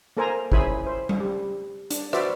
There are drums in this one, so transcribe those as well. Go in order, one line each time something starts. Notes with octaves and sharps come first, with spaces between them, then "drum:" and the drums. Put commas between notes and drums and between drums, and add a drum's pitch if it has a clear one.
A#3 A4 A#4 C5 G#5 A#5
C#4 E4 G#4 C5 G#5 B5, drum: kick
C5
drum: tom G3
G3
D4, drum: hi-hat
F#4 B4 C5 D5 E5, drum: rim click